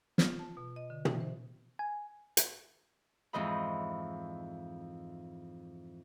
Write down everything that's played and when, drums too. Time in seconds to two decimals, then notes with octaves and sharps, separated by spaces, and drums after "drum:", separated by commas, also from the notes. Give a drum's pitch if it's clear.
0.18 F4, drum: snare
0.39 A5
0.57 B2
0.76 D#5
0.90 D3
1.05 E3, drum: tom
1.20 C5
1.79 G#5
2.37 drum: hi-hat
3.33 F2 G#2 E3 C5 D#5 B5